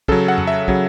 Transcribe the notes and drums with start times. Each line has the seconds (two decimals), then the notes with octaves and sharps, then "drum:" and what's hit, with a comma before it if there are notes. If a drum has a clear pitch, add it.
0.08 C#3 F#3 A4, drum: kick
0.28 F#5
0.38 drum: tom F2
0.47 E5
0.68 C#3 F#3, drum: kick